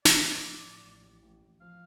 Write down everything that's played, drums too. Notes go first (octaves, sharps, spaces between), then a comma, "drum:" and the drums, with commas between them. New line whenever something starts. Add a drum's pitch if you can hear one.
A2 D5, drum: snare
F3
A2
A2
A1
A1
A1
A1
F3 F5